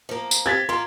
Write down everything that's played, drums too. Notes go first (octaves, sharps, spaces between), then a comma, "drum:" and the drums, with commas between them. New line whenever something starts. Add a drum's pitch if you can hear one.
F3 A#3
drum: tambourine
C4 G4 G#6 A6 B6
A#3 F4 C6